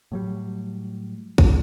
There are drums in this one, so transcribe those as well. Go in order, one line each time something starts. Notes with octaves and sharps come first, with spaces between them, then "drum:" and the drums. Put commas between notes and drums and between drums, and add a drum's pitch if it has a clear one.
A2 F#3 G3
drum: kick A#1